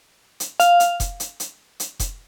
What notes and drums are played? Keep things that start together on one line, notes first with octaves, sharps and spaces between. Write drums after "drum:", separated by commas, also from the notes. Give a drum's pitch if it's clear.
drum: hi-hat
F5, drum: hi-hat
drum: hi-hat
drum: kick F1, hi-hat
drum: hi-hat
drum: hi-hat
drum: hi-hat
drum: kick F1, hi-hat